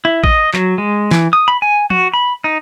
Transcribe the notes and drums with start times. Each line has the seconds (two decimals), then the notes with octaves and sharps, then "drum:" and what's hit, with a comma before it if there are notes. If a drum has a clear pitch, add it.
0.05 E4
0.24 D#5, drum: kick
0.54 F#3, drum: clap
0.78 G#3
1.11 E3, drum: snare
1.33 D#6
1.48 B5
1.62 G#5
1.90 F#4, drum: tom
2.14 B5
2.44 D#4